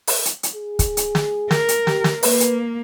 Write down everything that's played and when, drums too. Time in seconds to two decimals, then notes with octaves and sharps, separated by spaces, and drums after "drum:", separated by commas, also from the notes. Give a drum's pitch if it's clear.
0.07 drum: open hi-hat
0.25 drum: hi-hat
0.43 drum: hi-hat
0.55 G#4
0.79 drum: kick, hi-hat
0.97 drum: hi-hat
1.15 drum: snare
1.51 A#4, drum: snare
1.68 drum: hi-hat
1.87 G4, drum: snare
2.04 drum: snare
2.23 A#3 B4, drum: open hi-hat
2.40 drum: hi-hat